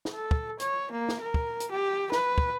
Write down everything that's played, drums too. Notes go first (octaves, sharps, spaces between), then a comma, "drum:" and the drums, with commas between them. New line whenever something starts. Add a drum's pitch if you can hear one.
drum: snare
A4
drum: kick
C#5, drum: hi-hat
A#3
drum: snare
A#4
drum: kick
drum: hi-hat
G4
B4, drum: snare
drum: kick